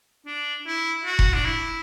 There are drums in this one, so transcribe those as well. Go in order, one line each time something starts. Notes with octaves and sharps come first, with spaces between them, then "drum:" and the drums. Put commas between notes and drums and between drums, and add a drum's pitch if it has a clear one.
D4
E4
F#4
drum: kick F1
D4
E4